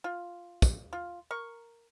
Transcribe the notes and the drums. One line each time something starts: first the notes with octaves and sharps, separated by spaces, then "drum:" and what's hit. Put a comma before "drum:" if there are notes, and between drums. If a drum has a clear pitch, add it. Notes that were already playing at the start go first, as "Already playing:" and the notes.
F4
drum: kick, tambourine
F4
A#4 C#6